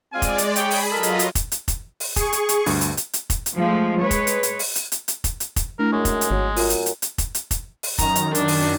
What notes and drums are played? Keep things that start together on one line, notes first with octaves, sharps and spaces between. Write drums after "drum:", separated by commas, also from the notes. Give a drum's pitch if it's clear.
G#3 C4 F4 D5 G#5
drum: kick F1, hi-hat
drum: hi-hat
G#4 C#5 G5 B5, drum: hi-hat
drum: open hi-hat
F#3 F4 A4 A#4 D#5 B5
drum: hi-hat
drum: hi-hat
drum: kick F1, hi-hat
drum: hi-hat
drum: kick F1, hi-hat
drum: open hi-hat
G#4 C#6, drum: kick F1, hi-hat
drum: hi-hat
drum: hi-hat
D2 G2, drum: open hi-hat
drum: hi-hat
drum: hi-hat
drum: hi-hat
drum: kick F1, hi-hat
drum: hi-hat
F3 G#3 A3
G#3 B4 C#5
drum: kick F1, hi-hat
drum: hi-hat
drum: hi-hat
drum: open hi-hat
drum: hi-hat
drum: hi-hat
drum: hi-hat
drum: kick F1, hi-hat
drum: hi-hat
drum: kick F1, hi-hat
A3 D4 E4 A#4
F#2 G#3 C#6
drum: kick F1, hi-hat
drum: hi-hat
G#1 F#3
F#2 F4, drum: open hi-hat
drum: hi-hat
drum: hi-hat
drum: hi-hat
drum: kick F1, hi-hat
drum: hi-hat
drum: kick F1, hi-hat
drum: open hi-hat
F#2 D#3 A#5, drum: kick F1, hi-hat
drum: hi-hat
D4, drum: hi-hat
drum: open hi-hat